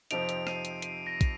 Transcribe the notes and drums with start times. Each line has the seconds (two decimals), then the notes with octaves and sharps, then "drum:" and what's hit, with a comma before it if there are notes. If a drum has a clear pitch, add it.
0.11 F2 C3 F3 C4 D#4 D7 F7, drum: hi-hat
0.29 drum: hi-hat
0.47 C7 D#7, drum: rim click
0.65 drum: hi-hat
0.82 C7 D#7, drum: hi-hat
1.06 A#6 D7
1.21 D#7, drum: kick, hi-hat